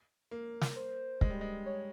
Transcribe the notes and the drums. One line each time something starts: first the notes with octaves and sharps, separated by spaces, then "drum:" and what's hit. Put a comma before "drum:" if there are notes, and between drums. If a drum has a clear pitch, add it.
A#3
drum: snare
C5
G#3, drum: kick
G3
G#3
C#5